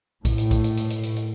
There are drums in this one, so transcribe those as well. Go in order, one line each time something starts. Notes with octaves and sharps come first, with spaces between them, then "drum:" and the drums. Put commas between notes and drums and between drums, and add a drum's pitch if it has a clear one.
A2, drum: kick A#1, hi-hat
drum: hi-hat
drum: kick A#1, hi-hat
drum: hi-hat
drum: hi-hat
drum: hi-hat
drum: hi-hat
drum: hi-hat